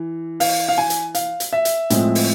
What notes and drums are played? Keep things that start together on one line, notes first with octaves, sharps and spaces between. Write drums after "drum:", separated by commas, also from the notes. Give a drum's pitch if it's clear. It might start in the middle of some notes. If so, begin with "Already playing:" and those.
Already playing: E3
F5, drum: open hi-hat
F5
G#5
drum: hi-hat
F5, drum: hi-hat
drum: hi-hat
E5
drum: hi-hat
A2 F3 G#3 C4, drum: hi-hat
drum: open hi-hat